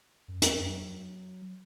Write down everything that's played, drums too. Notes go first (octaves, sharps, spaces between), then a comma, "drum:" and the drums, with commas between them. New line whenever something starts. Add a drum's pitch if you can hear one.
F#2
E2, drum: hi-hat
F#2
F#3